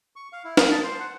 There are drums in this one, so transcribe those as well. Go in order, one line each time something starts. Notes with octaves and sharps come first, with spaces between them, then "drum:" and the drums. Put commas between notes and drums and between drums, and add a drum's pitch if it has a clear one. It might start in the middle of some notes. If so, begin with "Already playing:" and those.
C#6
F5
E4
D#6, drum: snare
A5
C5
F#5